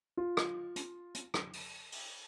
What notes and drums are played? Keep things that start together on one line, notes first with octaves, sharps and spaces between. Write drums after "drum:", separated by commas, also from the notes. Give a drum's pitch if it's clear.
F4
drum: rim click
drum: hi-hat
drum: hi-hat
drum: rim click
drum: open hi-hat
drum: open hi-hat